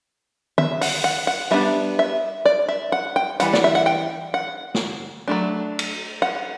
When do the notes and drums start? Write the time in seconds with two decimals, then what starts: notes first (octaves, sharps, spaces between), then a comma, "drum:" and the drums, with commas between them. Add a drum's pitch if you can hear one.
0.58 E5, drum: tom
0.81 F#5, drum: open hi-hat
1.04 F#5
1.27 F#5
1.51 G3 B3 D4 E5
1.99 E5
2.45 D5
2.68 E5
2.92 F#5
3.16 G5
3.40 E3 G3 F#5, drum: hi-hat
3.53 D5, drum: snare
3.64 E5
3.75 F#5
3.86 G5
4.34 F#5
4.75 drum: snare
5.28 F#3 A3 D4
5.79 drum: cymbal
6.22 F#5